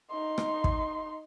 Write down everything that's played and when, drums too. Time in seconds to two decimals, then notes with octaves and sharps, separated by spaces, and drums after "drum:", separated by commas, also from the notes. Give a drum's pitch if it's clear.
0.11 D#4 C6
0.38 drum: rim click
0.64 drum: kick